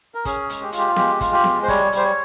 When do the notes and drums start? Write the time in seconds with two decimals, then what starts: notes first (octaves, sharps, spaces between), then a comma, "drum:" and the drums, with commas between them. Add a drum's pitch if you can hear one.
0.15 A#4
0.25 C#4 G#4, drum: kick, hi-hat
0.50 G#3, drum: hi-hat
0.62 G4
0.72 F4, drum: hi-hat
0.78 G4
0.96 G#3 G4, drum: snare B3
1.21 F4, drum: kick, hi-hat
1.33 G4
1.44 G#3, drum: snare B3
1.63 C5
1.68 G3 C#5, drum: kick, hi-hat
1.92 G3 C5, drum: hi-hat
2.04 C#5